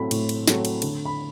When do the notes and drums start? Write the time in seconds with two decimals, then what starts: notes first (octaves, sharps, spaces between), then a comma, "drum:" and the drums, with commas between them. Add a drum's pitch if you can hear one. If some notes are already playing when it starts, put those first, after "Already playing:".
Already playing: A2 F#3 A3 C4 B5
0.11 A2, drum: cymbal
0.29 drum: cymbal
0.47 F#3 A3 C4, drum: snare
0.65 drum: cymbal
0.82 D3, drum: cymbal
1.05 B5